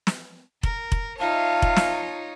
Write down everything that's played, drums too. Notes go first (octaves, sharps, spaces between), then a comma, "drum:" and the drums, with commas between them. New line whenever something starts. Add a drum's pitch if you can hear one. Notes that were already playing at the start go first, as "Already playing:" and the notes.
drum: snare
A#4, drum: kick F1
drum: kick F1
D#4 F4 C#5 E5 F5 A5
drum: kick F1
drum: snare